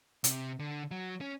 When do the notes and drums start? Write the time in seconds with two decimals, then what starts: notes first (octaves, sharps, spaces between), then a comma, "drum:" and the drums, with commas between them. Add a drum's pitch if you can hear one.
0.24 C3, drum: hi-hat
0.59 D3
0.91 F#3
1.21 C#4